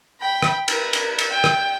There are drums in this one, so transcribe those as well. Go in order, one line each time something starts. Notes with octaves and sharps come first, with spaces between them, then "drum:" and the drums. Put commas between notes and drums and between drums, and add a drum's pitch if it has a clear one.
G5 B5
drum: rim click
A#4 B4, drum: cymbal
drum: cymbal
drum: cymbal
G5
drum: rim click